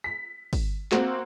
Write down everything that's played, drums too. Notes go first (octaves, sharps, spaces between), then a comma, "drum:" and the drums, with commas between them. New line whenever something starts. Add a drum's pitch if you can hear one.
B6
drum: kick, open hi-hat
A#3 C4 F#4, drum: clap